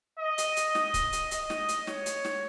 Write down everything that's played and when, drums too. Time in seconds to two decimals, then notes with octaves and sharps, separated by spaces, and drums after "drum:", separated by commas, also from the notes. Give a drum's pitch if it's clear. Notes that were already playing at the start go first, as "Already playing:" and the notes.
0.19 D#5
0.38 drum: hi-hat
0.57 drum: hi-hat
0.75 D#5, drum: snare
0.94 drum: kick, hi-hat
1.13 drum: hi-hat
1.31 D#5, drum: hi-hat
1.50 drum: snare
1.69 drum: hi-hat
1.87 C#5, drum: snare
2.06 drum: hi-hat
2.24 drum: snare